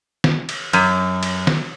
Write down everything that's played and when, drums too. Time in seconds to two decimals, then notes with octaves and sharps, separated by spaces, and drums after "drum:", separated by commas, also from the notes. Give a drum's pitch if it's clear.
0.24 drum: snare
0.49 drum: cymbal
0.73 F#2, drum: cymbal
1.23 drum: cymbal
1.47 drum: snare